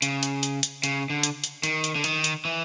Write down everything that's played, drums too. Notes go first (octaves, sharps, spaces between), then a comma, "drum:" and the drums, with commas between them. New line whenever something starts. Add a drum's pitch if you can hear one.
C#3, drum: hi-hat
drum: hi-hat
drum: hi-hat
drum: hi-hat
C#3, drum: hi-hat
D3
drum: hi-hat
drum: hi-hat
D#3, drum: hi-hat
drum: hi-hat
D3
D#3, drum: hi-hat
drum: hi-hat
E3